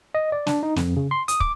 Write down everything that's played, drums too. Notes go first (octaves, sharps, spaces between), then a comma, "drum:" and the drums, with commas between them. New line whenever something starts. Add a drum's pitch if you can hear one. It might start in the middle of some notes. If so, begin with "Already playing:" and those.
D#5
D5
D4, drum: snare
D#4
F2, drum: snare
C#3
C6
D#6, drum: hi-hat
D6, drum: kick